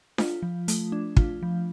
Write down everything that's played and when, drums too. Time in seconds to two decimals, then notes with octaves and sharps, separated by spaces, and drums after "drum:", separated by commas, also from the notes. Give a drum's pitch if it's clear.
0.18 F4, drum: snare D4
0.42 F3
0.68 A3, drum: hi-hat
0.92 D4
1.17 F4, drum: kick
1.43 F3